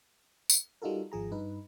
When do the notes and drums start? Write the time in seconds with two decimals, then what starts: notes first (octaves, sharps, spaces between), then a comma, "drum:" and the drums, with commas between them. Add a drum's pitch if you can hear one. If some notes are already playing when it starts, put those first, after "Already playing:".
0.50 drum: tambourine
0.82 G3 D#4 F4 F#4 A4 A#4
1.12 G#1 F3 G#4 A#5
1.31 G2 D#4 B4